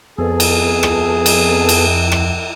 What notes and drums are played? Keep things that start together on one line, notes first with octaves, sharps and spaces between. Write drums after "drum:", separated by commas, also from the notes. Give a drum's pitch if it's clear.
F2 B3 G#4 A4
drum: cymbal
drum: rim click
drum: cymbal
drum: cymbal
drum: rim click